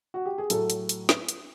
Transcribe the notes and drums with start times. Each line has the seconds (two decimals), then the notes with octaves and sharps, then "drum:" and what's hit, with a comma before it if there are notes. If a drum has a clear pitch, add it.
0.14 F#4
0.26 G4
0.38 G#4
0.50 A2 F#3 A3 A4, drum: hi-hat
0.70 drum: hi-hat
0.89 drum: hi-hat
1.09 drum: snare
1.29 drum: hi-hat